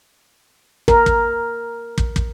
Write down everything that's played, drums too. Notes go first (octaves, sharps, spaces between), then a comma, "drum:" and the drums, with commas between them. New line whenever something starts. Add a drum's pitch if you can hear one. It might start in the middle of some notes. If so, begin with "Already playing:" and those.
A#4, drum: kick
drum: kick
drum: kick
drum: kick